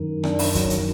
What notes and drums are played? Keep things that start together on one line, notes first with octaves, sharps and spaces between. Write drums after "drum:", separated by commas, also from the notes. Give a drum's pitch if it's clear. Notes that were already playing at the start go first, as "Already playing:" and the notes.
Already playing: F#2 D#3
D4, drum: rim click
drum: open hi-hat
F#3, drum: kick, hi-hat
drum: hi-hat